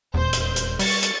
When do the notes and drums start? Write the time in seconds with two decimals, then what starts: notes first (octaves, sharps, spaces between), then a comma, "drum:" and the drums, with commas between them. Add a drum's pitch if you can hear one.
0.14 D#1 E2 G#3 C5 G6
0.33 drum: hi-hat
0.56 drum: hi-hat
0.79 G3 C#6 A6 C#7, drum: open hi-hat
1.02 drum: hi-hat